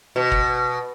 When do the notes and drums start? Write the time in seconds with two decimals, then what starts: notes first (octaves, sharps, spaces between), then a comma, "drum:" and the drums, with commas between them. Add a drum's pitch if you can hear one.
0.16 B2
0.32 drum: kick